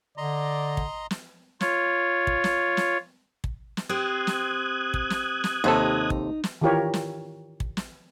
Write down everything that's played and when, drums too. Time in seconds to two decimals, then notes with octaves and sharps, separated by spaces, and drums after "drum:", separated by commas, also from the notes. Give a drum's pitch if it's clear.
0.17 D3 D5 D#5 A#5 C6
0.77 drum: kick
1.11 drum: snare
1.61 F4 C#5, drum: snare
2.27 drum: kick
2.44 drum: snare
2.77 drum: snare
3.44 drum: kick
3.77 drum: snare
3.89 C4 G4 C5 D#6 F#6 G#6
4.27 drum: snare
4.94 drum: kick
5.10 drum: snare
5.44 drum: snare
5.64 D#2 C3 D#4 A4
6.10 drum: kick
6.44 drum: snare
6.61 D#3 E3 F4 G4 A#4 C#5
6.94 drum: snare
7.60 drum: kick
7.77 drum: snare